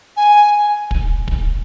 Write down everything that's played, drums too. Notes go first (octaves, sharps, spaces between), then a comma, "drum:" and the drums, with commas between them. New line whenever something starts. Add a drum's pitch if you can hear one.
G#5
drum: kick
drum: kick